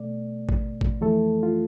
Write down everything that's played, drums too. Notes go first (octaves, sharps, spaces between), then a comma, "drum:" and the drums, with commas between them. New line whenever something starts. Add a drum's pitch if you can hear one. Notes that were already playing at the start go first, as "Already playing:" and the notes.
Already playing: B2 A3 D5
drum: kick A1
drum: kick A1
F2 E3 A3 A4
F4